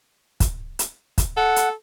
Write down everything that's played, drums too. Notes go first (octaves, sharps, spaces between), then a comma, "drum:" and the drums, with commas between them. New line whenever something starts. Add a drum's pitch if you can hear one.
drum: kick, hi-hat
drum: hi-hat
drum: kick, hi-hat
A4 F#5
drum: hi-hat